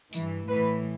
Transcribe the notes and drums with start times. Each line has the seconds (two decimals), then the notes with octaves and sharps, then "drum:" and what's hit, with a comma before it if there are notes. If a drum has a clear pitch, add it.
0.13 E3, drum: tambourine
0.18 G2
0.48 A2 E3 B4